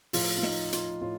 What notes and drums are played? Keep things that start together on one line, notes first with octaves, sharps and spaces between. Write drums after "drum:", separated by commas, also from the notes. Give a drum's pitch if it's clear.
A2 F3 F4, drum: open hi-hat
F4
D#4, drum: snare
F4, drum: hi-hat
A2 F4